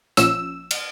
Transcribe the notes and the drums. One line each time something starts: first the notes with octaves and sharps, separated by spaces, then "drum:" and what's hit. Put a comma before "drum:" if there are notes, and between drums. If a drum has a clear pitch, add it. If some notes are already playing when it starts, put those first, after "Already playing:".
A#1 F3 C#4 E6, drum: hi-hat
drum: cymbal